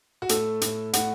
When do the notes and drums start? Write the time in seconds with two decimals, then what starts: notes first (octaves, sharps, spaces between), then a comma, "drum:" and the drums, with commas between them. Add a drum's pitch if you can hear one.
0.22 F#4
0.29 A2 A3 A4, drum: hi-hat
0.61 A2 A3, drum: hi-hat
0.93 A2 A3 F#5, drum: hi-hat